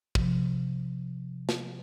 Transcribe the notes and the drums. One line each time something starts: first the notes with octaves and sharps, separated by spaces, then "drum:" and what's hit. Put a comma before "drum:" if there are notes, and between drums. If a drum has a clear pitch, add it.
C3 F3, drum: kick
drum: snare